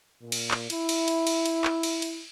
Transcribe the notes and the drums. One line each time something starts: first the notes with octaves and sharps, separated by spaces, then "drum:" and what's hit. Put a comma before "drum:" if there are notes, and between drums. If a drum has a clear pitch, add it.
A#2
drum: cymbal
drum: clap
E4, drum: cymbal
drum: cymbal
drum: cymbal
drum: cymbal
drum: cymbal
drum: clap
drum: cymbal
drum: cymbal